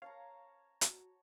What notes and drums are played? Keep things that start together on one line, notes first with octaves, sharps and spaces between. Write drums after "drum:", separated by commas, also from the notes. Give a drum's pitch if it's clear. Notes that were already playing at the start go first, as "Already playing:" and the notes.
C#5 F5 A5 A#5
F#4, drum: hi-hat